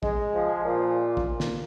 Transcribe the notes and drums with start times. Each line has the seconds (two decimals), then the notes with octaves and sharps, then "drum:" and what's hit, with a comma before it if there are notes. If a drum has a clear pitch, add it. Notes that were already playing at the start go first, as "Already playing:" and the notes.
0.03 G#3, drum: kick
0.33 F3
0.64 A#2
1.17 drum: kick
1.40 drum: snare